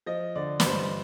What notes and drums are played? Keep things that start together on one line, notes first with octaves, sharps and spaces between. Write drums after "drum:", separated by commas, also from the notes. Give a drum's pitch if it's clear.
F3 D#5
D3 D5
B4, drum: snare
G2 C5